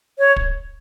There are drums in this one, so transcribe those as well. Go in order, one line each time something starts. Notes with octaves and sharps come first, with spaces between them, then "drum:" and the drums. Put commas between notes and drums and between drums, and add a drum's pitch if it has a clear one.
C#5
drum: kick